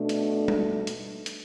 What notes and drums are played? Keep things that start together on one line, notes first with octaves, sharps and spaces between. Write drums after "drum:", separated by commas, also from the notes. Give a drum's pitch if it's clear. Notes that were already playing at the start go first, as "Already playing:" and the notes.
Already playing: B2 A3 D4
drum: hi-hat
drum: tom G3
drum: hi-hat
drum: hi-hat